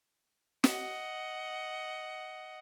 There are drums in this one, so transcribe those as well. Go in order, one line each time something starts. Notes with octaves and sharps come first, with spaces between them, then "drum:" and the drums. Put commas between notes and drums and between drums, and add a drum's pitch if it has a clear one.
D#5 F#5, drum: snare